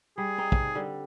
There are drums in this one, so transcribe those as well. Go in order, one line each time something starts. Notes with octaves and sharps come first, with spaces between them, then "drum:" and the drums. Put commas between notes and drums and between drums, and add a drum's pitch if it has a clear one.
G3 G#4
C4 D#4
drum: kick
D3 G3